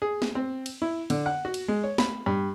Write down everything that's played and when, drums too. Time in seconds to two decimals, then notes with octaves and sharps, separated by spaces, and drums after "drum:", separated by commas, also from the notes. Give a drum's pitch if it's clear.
0.02 G#4
0.22 drum: snare
0.35 C4
0.66 drum: cymbal
0.82 E4
1.10 D3, drum: cymbal
1.26 F#5
1.45 F#4
1.54 drum: cymbal
1.68 G#3
1.84 C#5
1.98 B5, drum: snare
2.26 G2